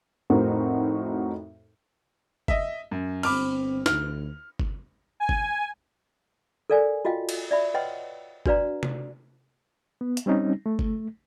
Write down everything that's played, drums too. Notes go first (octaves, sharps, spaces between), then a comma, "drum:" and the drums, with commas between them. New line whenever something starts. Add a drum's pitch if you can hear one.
F2 A2 C4 D#4 F#4 A#4
D#5 E5, drum: kick G1
F#2
G1 C4 B5 D6 F6, drum: cymbal
D2 F6, drum: snare
drum: kick G1
G#5
drum: kick G1
A4 A#4 D5 F5 G#5
F4 F#4 D#5 F5 G5
drum: cymbal
D5 E5 B5
B4 C#5 D#5 F#5 G5 C6
D4 F#4 B4 D5 F5 A#5, drum: kick G1
drum: tom
B3
drum: hi-hat
G3 C4 C#4 D#4
A3
drum: kick G1